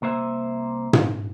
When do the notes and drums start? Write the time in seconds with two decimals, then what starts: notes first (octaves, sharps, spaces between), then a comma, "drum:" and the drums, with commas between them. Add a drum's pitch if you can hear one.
0.02 C2 A#3 C5 E5
0.93 drum: tom